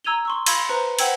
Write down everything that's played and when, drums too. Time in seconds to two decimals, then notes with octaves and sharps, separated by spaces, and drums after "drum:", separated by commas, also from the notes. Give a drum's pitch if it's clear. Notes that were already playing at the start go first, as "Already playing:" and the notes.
0.04 A#5 E6 G#6 D#7 F7 G7
0.25 C6 C#6 E6
0.46 F5 B5 C6 E6 G#6 A6, drum: cymbal
0.69 B4 C5 A#5
0.99 C5 F#5 G5 E6 G#6, drum: cymbal